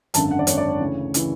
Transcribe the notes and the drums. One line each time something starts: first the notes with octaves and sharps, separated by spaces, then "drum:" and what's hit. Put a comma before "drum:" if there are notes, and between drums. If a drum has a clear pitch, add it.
G#1 F#2 D3 A5, drum: hi-hat
F#5
D5
G#1 F#2 D3 C#5, drum: hi-hat
D5
C#5
D2 C#3 E3
C#3 E3, drum: hi-hat